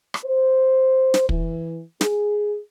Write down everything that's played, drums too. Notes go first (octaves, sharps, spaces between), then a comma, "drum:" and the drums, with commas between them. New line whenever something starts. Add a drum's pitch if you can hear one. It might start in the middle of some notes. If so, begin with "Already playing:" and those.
drum: rim click
C5
drum: snare
E3, drum: kick
G#4, drum: snare